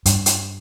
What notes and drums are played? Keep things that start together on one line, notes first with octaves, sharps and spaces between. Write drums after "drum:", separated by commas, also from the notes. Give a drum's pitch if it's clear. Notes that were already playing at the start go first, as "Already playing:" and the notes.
G2, drum: hi-hat
drum: hi-hat